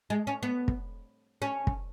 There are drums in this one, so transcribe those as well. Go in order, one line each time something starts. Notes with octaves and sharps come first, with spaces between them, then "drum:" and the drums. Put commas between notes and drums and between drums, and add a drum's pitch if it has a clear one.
G#3
C#4
B3
drum: kick
C#4
drum: kick